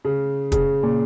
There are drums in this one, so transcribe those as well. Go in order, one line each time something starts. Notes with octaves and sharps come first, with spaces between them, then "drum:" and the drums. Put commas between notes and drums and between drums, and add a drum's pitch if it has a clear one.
C#3
C#3, drum: kick, hi-hat
A#2